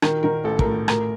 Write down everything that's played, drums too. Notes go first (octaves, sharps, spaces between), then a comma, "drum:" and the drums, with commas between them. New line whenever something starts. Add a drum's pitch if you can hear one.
D#3 A#4, drum: rim click
D#3 A#4
A1 A4
A#4, drum: kick
A2
A2 A#4, drum: rim click